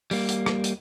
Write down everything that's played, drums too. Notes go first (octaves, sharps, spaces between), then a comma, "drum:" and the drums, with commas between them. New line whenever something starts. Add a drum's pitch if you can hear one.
G3 A#3, drum: open hi-hat
drum: hi-hat
drum: rim click
drum: hi-hat